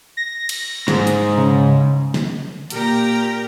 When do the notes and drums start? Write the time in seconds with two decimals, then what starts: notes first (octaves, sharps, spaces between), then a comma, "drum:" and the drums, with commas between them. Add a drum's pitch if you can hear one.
0.17 A#6
0.49 drum: cymbal
0.88 G#2, drum: snare
1.07 drum: hi-hat
1.37 C#3
2.14 drum: snare
2.70 A#2 G4 A#4 G5 A#5, drum: hi-hat